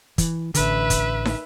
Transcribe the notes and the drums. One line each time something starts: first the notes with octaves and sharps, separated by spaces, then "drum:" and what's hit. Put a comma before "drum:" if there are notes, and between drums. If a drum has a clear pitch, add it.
E3, drum: kick, hi-hat
A1 D3 B4 E5, drum: hi-hat
drum: kick, hi-hat
drum: snare